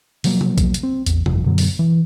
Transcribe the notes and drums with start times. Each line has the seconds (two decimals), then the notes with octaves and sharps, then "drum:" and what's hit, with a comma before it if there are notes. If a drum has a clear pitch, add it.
0.24 B2 F3 F#3 A#3, drum: open hi-hat
0.41 drum: tom C3
0.58 drum: kick A#1, hi-hat
0.74 drum: hi-hat
0.83 C4
1.06 A1 E2, drum: hi-hat
1.26 G1 F2, drum: tom C3
1.46 F#2 B2 D3 F#3
1.58 drum: open hi-hat
1.79 E3